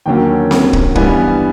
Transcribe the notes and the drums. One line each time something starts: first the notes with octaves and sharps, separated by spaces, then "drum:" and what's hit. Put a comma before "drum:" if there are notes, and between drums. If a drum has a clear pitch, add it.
D#2 D3 F#3 A#3 C#4 G5
drum: snare C4
drum: kick
G2 E3 G3 B3 G#5, drum: kick